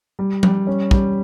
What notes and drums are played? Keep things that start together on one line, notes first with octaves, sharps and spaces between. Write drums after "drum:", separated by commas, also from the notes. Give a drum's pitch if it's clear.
G3
G3, drum: tom F3
C#4
G3, drum: kick